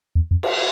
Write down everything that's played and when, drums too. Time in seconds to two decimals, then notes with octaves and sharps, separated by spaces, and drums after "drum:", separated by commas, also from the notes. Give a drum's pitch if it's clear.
0.15 E2
0.31 F2
0.43 drum: cymbal